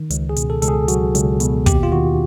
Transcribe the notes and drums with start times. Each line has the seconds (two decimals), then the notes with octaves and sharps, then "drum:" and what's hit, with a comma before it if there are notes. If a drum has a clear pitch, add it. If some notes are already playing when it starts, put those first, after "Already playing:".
Already playing: D#3
0.10 C#2, drum: hi-hat
0.29 G#4
0.36 B2, drum: hi-hat
0.50 A4
0.62 C#2 A4, drum: hi-hat
0.68 G#4
0.88 F#3 F#4, drum: hi-hat
1.15 C#2, drum: hi-hat
1.40 B2, drum: hi-hat
1.66 D#2 G4, drum: kick, hi-hat
1.83 F4
1.92 D#3 F#4